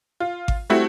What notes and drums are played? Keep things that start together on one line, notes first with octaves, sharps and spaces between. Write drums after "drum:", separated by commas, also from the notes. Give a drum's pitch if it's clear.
F4
drum: kick G#1
G3 A3 C4 E4 F#4